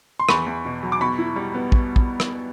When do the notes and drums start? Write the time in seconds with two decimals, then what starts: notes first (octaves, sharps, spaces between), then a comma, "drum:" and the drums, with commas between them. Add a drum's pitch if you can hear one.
0.20 C6
0.29 E2 B5 C#6, drum: rim click
0.46 E2
0.65 B2
0.83 F#3
0.92 D6
1.00 B2 B5 C#6
1.19 E4
1.36 G3
1.54 B3
1.72 drum: kick
1.96 drum: kick
2.20 drum: rim click